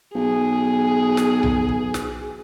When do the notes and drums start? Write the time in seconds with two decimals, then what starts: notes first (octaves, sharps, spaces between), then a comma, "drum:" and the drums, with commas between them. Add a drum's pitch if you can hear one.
0.15 B1 G#4
1.17 drum: snare
1.43 drum: tom B1
1.68 drum: kick
1.94 drum: snare